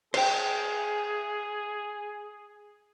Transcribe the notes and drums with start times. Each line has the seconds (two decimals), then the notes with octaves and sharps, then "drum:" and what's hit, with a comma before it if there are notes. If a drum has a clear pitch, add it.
0.14 G#4 C5 G5, drum: cymbal